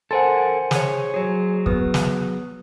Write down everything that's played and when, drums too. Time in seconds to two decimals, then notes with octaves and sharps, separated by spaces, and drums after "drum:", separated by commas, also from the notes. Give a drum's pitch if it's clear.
0.11 A4 A#4 C5 F#5 G#5 C6
0.71 G#4 C#5, drum: snare
1.14 F#3 G#4
1.66 B3 B4 D#6, drum: kick
1.94 drum: snare